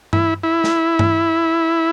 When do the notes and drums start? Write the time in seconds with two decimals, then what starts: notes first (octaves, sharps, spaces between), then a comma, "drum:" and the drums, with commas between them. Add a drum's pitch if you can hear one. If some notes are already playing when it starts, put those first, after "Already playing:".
0.13 E4, drum: tom G2
0.43 E4
0.64 drum: snare
0.99 drum: tom G2